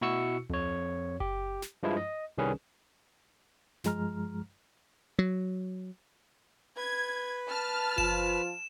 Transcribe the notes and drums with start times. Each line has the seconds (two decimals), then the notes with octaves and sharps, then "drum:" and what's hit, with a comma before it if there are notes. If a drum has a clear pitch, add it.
0.01 B2 E4 F#4 C#6 E6 C#7, drum: tom A3
0.50 F2 C#5, drum: tom D2
1.20 G4, drum: kick F#1
1.62 drum: snare
1.83 G2 F3 G#3 E4
1.97 D#5
2.38 C2 D#3 G3 C#4 G#4 B4
3.84 G2 F3 G#3 A#5 F6, drum: snare
5.19 F#3
6.77 B4 G#6
7.49 A5 F6
7.98 F3 F4 E7, drum: kick F#1